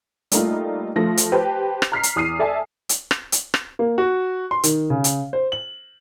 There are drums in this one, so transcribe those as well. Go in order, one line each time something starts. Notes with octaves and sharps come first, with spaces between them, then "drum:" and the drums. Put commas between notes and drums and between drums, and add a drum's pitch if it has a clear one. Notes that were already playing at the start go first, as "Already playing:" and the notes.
G3 A3 A#3 D#4 F4, drum: hi-hat
F3 A3 A#6
drum: hi-hat
G4 B4 C5 A5
drum: rim click
A#5 F6 B6 C7
drum: hi-hat
E2 D#6 F6 C7 D#7
A4 D5 E5 G#5 A5
drum: hi-hat
drum: rim click
drum: hi-hat
drum: rim click
A#3
F#4
C6
D#3, drum: hi-hat
C#3
drum: hi-hat
C5
F#7